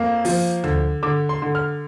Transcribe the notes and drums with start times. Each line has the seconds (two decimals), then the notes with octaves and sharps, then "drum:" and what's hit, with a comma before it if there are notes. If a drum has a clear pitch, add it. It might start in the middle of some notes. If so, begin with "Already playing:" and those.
Already playing: F2 A#3
0.25 F3, drum: open hi-hat
0.64 D3, drum: tom D2
1.03 D3 D6
1.29 C6
1.42 D3
1.55 F6